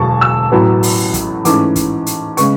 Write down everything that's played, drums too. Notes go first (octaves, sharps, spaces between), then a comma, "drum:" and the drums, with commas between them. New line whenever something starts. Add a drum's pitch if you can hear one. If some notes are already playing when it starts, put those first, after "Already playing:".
Already playing: E1 D2 D3 F#3 A5 C#6
E6
A1 A2 F#3 B3
drum: open hi-hat
drum: kick, hi-hat
G#2 E3 A3 C#4 D6, drum: hi-hat
drum: kick, hi-hat
drum: hi-hat
C#3 G#3 B3 C#6, drum: hi-hat